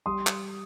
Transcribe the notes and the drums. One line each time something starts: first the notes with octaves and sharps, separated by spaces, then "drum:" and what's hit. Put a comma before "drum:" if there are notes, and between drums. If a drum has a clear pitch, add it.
G3 C6 D#6
drum: clap